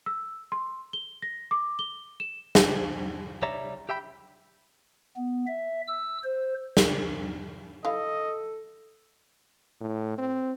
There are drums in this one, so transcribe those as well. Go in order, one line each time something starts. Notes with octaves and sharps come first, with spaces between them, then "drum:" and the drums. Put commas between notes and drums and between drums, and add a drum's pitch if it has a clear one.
E6
C6
G7
A#6
D6
G7
E7
drum: snare
C2 G3 C#5 D5 E5 A#5
G4 E5 G5 B5
B3
E5
E6
C5
drum: snare
E4 A4 D#5 F5
A2
C4